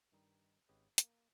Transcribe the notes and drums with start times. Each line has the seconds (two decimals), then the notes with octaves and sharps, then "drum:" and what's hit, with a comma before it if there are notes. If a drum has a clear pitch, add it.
0.12 G2 D#3 G3 D#4
0.69 G#1 C#4 G4 G#4 B4 D#5
0.98 A#3, drum: hi-hat